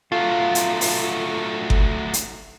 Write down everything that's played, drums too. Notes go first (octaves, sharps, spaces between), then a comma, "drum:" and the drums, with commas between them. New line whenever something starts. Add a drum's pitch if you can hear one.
F#3 A3 F4 A4
drum: hi-hat
drum: open hi-hat
drum: kick G1
drum: hi-hat